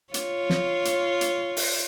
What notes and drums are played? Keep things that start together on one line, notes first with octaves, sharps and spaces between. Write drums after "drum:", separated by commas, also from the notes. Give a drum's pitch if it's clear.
F4 C#5, drum: hi-hat
drum: snare
drum: hi-hat
drum: hi-hat
drum: open hi-hat